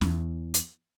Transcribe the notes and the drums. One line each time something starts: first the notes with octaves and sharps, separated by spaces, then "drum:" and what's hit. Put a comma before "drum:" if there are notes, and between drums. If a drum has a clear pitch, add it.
E2 E3, drum: snare
drum: hi-hat